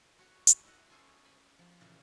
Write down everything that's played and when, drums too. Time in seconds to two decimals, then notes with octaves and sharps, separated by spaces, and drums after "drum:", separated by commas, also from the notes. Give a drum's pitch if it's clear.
0.19 F#4 C#5
0.47 drum: hi-hat
0.64 E4 D#5 F#5
0.90 C#4 G#4 A4 C5 G#5
1.24 G#5 B5
1.59 F3
1.81 A#2 C#3 E3